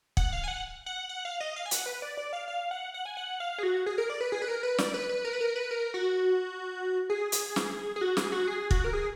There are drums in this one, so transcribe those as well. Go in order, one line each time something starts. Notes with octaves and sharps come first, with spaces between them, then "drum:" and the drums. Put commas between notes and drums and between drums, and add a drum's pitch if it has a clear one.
F#5, drum: kick
F5
G#5
F#5
F#5
F#5
F5
D#5
F5
G#5
F#5, drum: hi-hat
B4
D5
D5
F5
F5
F#5
F#5
G#5
F#5
F5
G#4
F#4
G#4
A#4
D5
B4
G#4
B4
A#4
B4
D5, drum: snare
B4
B4
A#4
B4
A#4
B4
A#4
F#4
G#4
drum: hi-hat
drum: snare
G#4
F#4
G#4, drum: snare
F#4
G#4
F#4, drum: kick
A#4
G#4